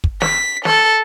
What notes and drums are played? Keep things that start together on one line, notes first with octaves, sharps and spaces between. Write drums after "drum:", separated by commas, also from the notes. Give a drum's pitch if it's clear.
drum: kick
B6, drum: snare
A4, drum: snare